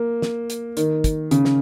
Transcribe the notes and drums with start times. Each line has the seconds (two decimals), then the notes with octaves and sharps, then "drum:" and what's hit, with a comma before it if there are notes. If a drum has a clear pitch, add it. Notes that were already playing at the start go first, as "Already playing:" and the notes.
Already playing: A#3
0.22 drum: snare
0.50 drum: hi-hat
0.77 D#3, drum: hi-hat
1.04 drum: kick, hi-hat
1.31 C#3, drum: hi-hat
1.45 drum: snare